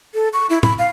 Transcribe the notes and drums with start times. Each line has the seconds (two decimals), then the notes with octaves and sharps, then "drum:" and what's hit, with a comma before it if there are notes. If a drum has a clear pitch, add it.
0.14 A4
0.33 C#6
0.50 E4
0.63 B5, drum: tom
0.79 F5